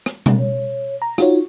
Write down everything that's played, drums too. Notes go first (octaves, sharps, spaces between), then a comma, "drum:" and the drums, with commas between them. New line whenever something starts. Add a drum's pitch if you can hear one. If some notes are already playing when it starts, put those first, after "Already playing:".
drum: rim click
drum: tom B2
C#5
A#5
D#4 F4 F#4 C#5, drum: rim click